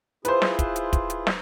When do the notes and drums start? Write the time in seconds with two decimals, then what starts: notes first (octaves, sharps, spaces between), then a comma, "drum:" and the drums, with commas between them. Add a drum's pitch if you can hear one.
0.25 E4 F4 G#4 B4 C5, drum: hi-hat
0.42 drum: snare
0.59 drum: kick, hi-hat
0.76 drum: hi-hat
0.93 drum: kick, hi-hat
1.10 drum: hi-hat
1.27 drum: snare